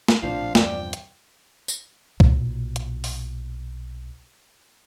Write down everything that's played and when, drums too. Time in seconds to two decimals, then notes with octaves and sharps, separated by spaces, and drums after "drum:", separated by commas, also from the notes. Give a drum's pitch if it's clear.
0.08 drum: snare
0.22 A#1 A2 C3 F3 D4 F4 C5 F5
0.55 E2 G2 C3 D5 G5, drum: snare
0.93 drum: hi-hat
1.68 drum: tambourine
2.20 B1 A#2, drum: kick C2
2.76 drum: hi-hat
3.04 drum: open hi-hat